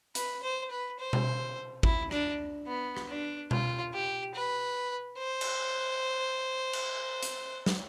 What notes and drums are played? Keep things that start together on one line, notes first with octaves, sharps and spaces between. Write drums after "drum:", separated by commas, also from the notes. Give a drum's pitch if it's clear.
B4, drum: hi-hat
C5
B4
C5
drum: tom B2
E4, drum: kick
D4, drum: rim click
B3
drum: rim click
D4
F4, drum: tom B2
G4
B4
C5
drum: cymbal
drum: cymbal
drum: hi-hat
drum: snare